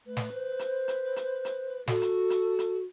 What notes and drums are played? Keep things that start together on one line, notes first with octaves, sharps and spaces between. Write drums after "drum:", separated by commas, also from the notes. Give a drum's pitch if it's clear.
A3 B4
drum: snare
C5
drum: hi-hat
drum: hi-hat
drum: hi-hat
drum: hi-hat
F#4 A4, drum: snare
drum: hi-hat
drum: hi-hat
drum: hi-hat